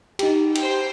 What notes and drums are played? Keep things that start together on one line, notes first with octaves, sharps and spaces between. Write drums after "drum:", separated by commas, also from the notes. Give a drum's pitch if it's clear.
D#4 G4, drum: cymbal
C5 G5, drum: cymbal